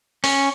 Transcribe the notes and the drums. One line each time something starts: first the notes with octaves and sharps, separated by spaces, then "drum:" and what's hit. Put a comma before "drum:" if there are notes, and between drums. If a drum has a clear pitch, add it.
C#4, drum: open hi-hat